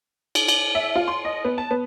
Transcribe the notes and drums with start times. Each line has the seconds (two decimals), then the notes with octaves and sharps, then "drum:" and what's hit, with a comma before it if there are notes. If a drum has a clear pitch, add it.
0.35 drum: cymbal
0.48 drum: cymbal
0.75 E5
0.96 F4
1.08 C6
1.25 D#5
1.45 B3
1.58 A5
1.71 B3